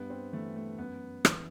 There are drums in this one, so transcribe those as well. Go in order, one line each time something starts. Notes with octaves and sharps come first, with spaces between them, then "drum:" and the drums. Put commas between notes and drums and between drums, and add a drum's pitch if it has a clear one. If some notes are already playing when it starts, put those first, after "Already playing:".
Already playing: G2 B3
C4
E3 A3
A3
F#2 B3
E3, drum: rim click